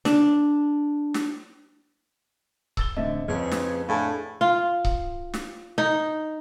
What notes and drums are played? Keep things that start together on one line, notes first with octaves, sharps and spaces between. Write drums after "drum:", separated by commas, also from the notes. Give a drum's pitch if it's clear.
D4, drum: snare
drum: snare
E6 A6 G7, drum: kick C#1
E2 A2 D3 C4 D#5 E5
F2 C#3 F3 C4 B4 G#5
drum: snare
A2 D4 G#4 F5 G#5 A5
F4
drum: kick C#1
drum: snare
D#4